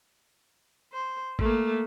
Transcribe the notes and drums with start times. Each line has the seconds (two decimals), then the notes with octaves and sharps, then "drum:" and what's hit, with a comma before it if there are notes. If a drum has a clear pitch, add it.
0.93 C5
1.39 A3 A#3, drum: kick